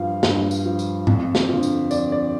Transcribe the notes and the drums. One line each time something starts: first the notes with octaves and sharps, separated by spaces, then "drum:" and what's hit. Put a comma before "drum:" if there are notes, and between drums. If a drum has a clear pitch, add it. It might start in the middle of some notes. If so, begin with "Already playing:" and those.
Already playing: G2 F3 F5
G2, drum: snare
drum: tambourine
F3
drum: tambourine
F2, drum: tom G#2
drum: snare
D3 F3
drum: tambourine
F2 D5, drum: tambourine
D5